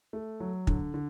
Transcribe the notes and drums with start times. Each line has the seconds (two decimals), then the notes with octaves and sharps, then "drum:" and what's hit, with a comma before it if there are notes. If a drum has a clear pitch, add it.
0.13 A3
0.40 F#3
0.67 D3, drum: kick
0.94 D3